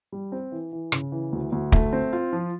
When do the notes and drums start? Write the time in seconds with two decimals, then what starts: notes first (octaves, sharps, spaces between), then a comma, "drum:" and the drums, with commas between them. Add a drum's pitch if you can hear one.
0.12 G3
0.32 C4
0.52 E3
0.73 E3
0.92 C#3, drum: rim click
1.12 E3
1.32 D2
1.52 D2
1.72 A3, drum: kick
1.93 C4
2.13 F4
2.33 F3